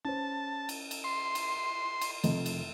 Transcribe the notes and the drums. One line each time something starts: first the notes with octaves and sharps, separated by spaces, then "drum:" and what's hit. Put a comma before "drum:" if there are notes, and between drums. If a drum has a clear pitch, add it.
C#4 C5 A5
drum: cymbal
drum: cymbal
C6
drum: cymbal
drum: cymbal
F1 F2 D#5, drum: cymbal
drum: cymbal